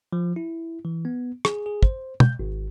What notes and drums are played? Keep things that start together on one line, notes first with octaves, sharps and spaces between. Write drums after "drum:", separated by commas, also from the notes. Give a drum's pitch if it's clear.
F3
E4
E3
B3
G#4, drum: rim click
G#4
C5, drum: kick
G6, drum: tom
G#1